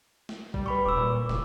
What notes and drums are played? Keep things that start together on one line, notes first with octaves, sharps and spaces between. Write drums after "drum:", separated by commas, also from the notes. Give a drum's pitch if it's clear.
drum: snare
G3, drum: kick A1
B4 B5 C#6
D#1 D6 E6
A#2
F#1, drum: snare